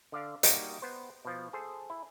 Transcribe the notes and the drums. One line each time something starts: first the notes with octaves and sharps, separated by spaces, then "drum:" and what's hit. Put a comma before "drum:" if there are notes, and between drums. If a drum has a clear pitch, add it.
D3 D5 F5
G3 A#3 D#4 F#4 G4 D#5, drum: hi-hat
B3 C5
B2 F3
G#4 A4 C5
E4